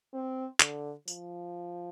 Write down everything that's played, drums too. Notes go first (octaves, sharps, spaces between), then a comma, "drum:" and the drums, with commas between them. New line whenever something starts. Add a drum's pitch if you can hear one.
C4
D3, drum: clap
F3, drum: tambourine